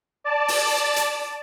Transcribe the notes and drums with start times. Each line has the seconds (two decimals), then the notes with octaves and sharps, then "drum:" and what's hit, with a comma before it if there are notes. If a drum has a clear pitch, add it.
0.24 D5 A5
0.48 drum: open hi-hat
0.96 drum: hi-hat